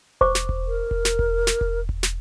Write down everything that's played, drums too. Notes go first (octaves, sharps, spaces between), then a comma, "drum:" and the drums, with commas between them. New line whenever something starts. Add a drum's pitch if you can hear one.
C5 C#6 D6, drum: kick E1
drum: snare
drum: kick E1
A#4
drum: kick E1
drum: snare
drum: kick E1
drum: snare
drum: kick E1
drum: kick E1
drum: snare